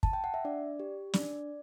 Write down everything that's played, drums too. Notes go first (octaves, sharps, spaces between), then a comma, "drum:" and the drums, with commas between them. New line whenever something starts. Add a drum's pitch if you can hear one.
A5, drum: kick
G5
F#5
E5
D4 D5
G4
D4 D5, drum: snare